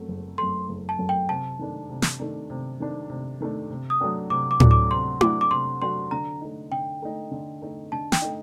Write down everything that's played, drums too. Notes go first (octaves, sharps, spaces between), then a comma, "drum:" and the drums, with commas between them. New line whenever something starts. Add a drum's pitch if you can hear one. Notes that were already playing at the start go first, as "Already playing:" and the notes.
Already playing: F#2 F#3 A3
F#1
F#2 F#3 A3 C6
F#1
A5
F#2 F#3 A3
G5
C3 A5
D#3 A3 D4
C3
drum: snare
D#3 A3 D4
C3
D#3 A3 D4
C3
D#3 A3 D4
C3
D#6
F#3 A3 D4 F#4
C3 D6
D6
F#3 A3 D4 F#4, drum: tom A2
D6
C3 C6
F#3 A3 D4 F#4 D6, drum: tom E4
D6
C3 C6
F#3 A3 D4 F#4 C6
D3 A#5
A3 D#4
D3 G5
A3 D#4
D3
A3 D#4
D3 A5
G5, drum: snare
A3 D#4